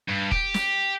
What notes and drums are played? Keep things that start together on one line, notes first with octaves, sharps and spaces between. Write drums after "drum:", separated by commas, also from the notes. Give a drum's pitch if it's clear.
G2
G4, drum: kick
drum: snare